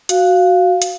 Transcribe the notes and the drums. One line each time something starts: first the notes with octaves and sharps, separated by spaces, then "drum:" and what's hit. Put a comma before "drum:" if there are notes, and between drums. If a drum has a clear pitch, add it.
F#4 F5, drum: hi-hat
drum: hi-hat